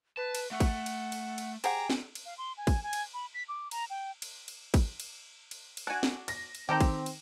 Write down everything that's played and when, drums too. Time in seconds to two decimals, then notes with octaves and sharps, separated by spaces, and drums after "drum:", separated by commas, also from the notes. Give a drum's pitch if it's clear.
0.17 B4 A5
0.35 drum: cymbal
0.51 A3 F#5
0.60 drum: kick, cymbal
0.86 drum: cymbal
1.12 drum: cymbal
1.38 drum: cymbal
1.64 G4 G#4 C5 F#5 A#5, drum: cymbal
1.90 drum: snare
2.15 drum: cymbal
2.26 F5
2.38 C6
2.57 G#5
2.67 drum: kick, cymbal
2.83 G#5
2.93 drum: cymbal
3.14 B5
3.34 B6
3.49 D6
3.71 A#5, drum: cymbal
3.90 G5
4.22 drum: cymbal
4.48 drum: cymbal
4.74 drum: kick, cymbal
5.00 drum: cymbal
5.51 drum: cymbal
5.77 drum: cymbal
5.87 D4 F#4 F#5 G#5
6.03 drum: snare
6.28 A#6, drum: cymbal
6.55 drum: cymbal
6.69 D#3 C4 G4 A4 G5 A#5
6.80 drum: kick, cymbal
7.06 drum: cymbal